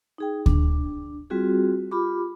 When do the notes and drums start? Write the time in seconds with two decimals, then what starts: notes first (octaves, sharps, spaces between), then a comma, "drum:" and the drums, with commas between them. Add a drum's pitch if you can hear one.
0.18 D#4 G#4 G5
0.46 D4, drum: kick D2
1.30 G3 C4 F4 F#4 G#4
1.91 F4 G4 B5 D6